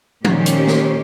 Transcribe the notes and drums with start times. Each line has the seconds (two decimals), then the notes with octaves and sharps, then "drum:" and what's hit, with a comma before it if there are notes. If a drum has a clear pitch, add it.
0.25 A#2 D#3 C#4 G4 C5, drum: tom
0.46 drum: hi-hat
0.67 drum: snare